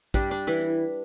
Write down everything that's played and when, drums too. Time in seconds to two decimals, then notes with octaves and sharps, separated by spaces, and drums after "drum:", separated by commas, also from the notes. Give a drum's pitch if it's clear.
0.14 G3 D4, drum: kick, hi-hat
0.31 D4
0.47 E3 E4
0.59 drum: hi-hat